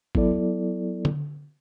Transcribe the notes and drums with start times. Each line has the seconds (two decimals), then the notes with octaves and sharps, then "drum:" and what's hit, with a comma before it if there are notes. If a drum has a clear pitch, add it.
0.15 F#3 B3 E4 A4 D5, drum: kick
1.05 drum: tom D3